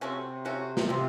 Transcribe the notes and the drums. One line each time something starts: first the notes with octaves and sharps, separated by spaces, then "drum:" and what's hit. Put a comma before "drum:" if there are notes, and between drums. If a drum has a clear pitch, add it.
C3 F3 A3 C#4 F#4
F3 A3 C#4 F#4
drum: snare
C3 F3 C4 F4